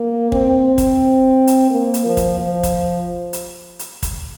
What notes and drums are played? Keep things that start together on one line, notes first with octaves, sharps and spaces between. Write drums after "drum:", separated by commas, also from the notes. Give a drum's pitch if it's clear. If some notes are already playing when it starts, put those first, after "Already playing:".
Already playing: A#3
C4, drum: kick
drum: kick, hi-hat
drum: hi-hat
A#3
drum: hi-hat
F3
drum: kick, hi-hat
F3
drum: kick, hi-hat
drum: hi-hat
drum: hi-hat
drum: kick, hi-hat